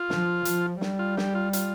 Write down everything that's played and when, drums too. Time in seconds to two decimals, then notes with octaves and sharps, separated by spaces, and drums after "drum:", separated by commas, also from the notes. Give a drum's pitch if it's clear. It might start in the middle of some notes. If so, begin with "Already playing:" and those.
Already playing: F4
0.10 F3, drum: snare
0.45 F3, drum: hi-hat
0.81 G3, drum: snare
0.99 F4
1.17 G4, drum: snare
1.35 F4
1.53 F4, drum: hi-hat